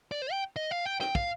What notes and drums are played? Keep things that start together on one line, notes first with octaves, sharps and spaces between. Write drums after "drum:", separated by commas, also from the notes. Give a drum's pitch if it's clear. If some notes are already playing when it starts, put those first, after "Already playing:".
D5
C5
G5
D#5
F5
G5
G5, drum: rim click
F5, drum: kick